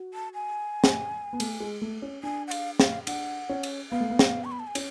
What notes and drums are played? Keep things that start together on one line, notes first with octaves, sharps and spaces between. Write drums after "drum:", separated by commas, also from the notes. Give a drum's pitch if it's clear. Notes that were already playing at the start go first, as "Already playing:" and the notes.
Already playing: F#4
A5
G#5
drum: snare
B3
A3, drum: cymbal
G#3
A3
C#4
D4 G#5
F#5
F5, drum: cymbal
F5, drum: snare
D4 F#5, drum: cymbal
C#4
drum: cymbal
B3 F5
A3
B3
drum: snare
C#6
B5
A5
G#5
C#4, drum: cymbal